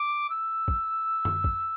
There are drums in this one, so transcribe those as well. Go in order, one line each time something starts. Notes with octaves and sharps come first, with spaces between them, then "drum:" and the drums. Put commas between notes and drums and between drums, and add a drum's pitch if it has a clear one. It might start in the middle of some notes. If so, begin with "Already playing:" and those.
Already playing: D6
E6
drum: kick A1
drum: tom F#2
drum: kick A1